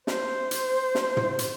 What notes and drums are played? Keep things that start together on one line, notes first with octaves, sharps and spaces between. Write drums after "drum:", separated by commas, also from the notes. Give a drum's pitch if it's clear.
C5, drum: snare
drum: hi-hat
drum: snare
drum: tom
drum: hi-hat